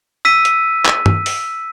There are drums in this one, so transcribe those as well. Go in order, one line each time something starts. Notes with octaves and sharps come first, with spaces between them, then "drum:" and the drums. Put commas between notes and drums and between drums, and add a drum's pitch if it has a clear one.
E6 B6 D#7
drum: hi-hat
drum: clap
drum: tom G2
drum: open hi-hat